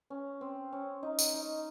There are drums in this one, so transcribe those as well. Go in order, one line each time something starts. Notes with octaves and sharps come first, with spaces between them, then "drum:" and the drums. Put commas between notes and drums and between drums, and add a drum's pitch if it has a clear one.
C#4
C4
C#4
D#4
drum: tambourine
D#4